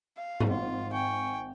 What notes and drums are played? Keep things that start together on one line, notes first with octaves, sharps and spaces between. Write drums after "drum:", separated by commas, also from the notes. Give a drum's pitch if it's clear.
F5
drum: tom G#2
G#1 F4
G5 G#5 C#6